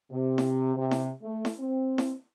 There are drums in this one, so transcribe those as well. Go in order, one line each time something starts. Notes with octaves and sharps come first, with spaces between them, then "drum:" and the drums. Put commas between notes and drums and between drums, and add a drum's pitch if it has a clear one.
C3
drum: snare E4
C3
drum: snare E4
A3
drum: snare E4
C4
drum: snare E4